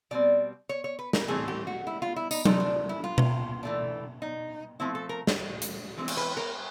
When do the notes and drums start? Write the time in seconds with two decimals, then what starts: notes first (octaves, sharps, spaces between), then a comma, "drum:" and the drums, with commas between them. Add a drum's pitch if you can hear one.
0.11 B2 G3 C4 D5
0.69 C#5
0.84 C#5
0.99 B4
1.13 A#4, drum: snare
1.28 A2 E3 A3 C4 G#4
1.48 G4
1.67 F#4
1.87 E4
2.02 F4
2.16 E4
2.31 D#4, drum: tambourine
2.45 C3 F3 A3 D4 D#4, drum: tom F#3
2.60 D4
2.89 E4
3.04 F4
3.18 drum: tom B2
3.63 E3 A3 D4
4.22 D#4
4.80 F3 A3 C4 E4
4.95 A4
5.09 A#4
5.27 drum: snare
5.62 drum: hi-hat
5.97 E3 G#3 C4
6.08 drum: cymbal
6.17 B4
6.37 A#4